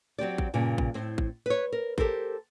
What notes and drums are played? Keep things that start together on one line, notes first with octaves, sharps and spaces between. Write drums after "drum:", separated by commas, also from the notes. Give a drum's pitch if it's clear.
F#3 C4 G4 D5
drum: kick A1
G2 A#2 C#3
drum: kick A1
A2 C4
drum: kick A1
B4 C#5
A#4
G4 A4 A#4 C5, drum: kick A1